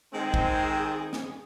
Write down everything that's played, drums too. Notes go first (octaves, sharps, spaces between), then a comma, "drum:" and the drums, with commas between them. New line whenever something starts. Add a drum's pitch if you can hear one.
D#3 G#3 C4 G#4
drum: kick
drum: snare